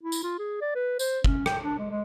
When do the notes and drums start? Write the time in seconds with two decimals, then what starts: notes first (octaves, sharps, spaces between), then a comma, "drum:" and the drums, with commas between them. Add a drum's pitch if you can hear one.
0.03 E4
0.12 drum: tambourine
0.23 F4
0.39 G#4
0.61 D5
0.75 B4
0.99 C5, drum: tambourine
1.24 C#4, drum: kick
1.46 G5, drum: rim click
1.63 D4
1.79 G#3
1.90 G#3